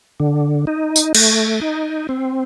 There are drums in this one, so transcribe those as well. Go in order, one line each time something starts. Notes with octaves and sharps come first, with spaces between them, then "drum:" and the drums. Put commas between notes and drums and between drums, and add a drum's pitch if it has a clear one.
D3
D#4
drum: tambourine
A3, drum: cymbal
D#4
C4